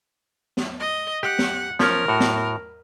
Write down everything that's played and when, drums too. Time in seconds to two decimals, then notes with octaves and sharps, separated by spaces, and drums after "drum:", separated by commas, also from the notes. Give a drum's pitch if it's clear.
0.57 drum: snare
0.80 D#5
1.23 G4 F#5
1.39 drum: snare
1.79 F3 C#4 A#4, drum: snare
2.08 A2 F#4
2.20 drum: snare